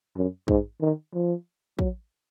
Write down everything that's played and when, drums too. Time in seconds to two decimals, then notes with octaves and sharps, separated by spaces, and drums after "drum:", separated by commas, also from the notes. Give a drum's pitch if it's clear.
0.16 F#2
0.48 G#2, drum: kick
0.81 D#3
1.14 F3
1.79 F#3, drum: kick